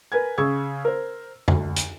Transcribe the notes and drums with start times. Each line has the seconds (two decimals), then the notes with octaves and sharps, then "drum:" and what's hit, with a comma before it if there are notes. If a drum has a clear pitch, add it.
0.12 A#4 B4 G#5 G#6
0.38 C#3 G#4 C#6 E6 G#6
0.85 A#4 C5
1.48 D2, drum: tom F2
1.76 drum: hi-hat